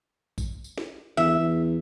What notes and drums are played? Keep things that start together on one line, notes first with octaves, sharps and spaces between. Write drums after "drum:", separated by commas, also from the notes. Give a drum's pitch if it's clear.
drum: kick, tambourine
drum: tambourine
drum: snare
E2 E5
E2